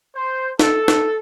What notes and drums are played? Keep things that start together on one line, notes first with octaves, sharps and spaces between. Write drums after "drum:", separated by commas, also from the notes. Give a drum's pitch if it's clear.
C5
A4, drum: snare
drum: snare